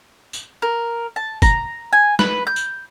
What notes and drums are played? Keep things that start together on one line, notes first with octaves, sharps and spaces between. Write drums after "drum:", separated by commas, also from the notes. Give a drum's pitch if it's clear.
drum: tambourine
A#4
A5
A#5, drum: kick, tambourine
G#5
B4, drum: snare
G6
drum: tambourine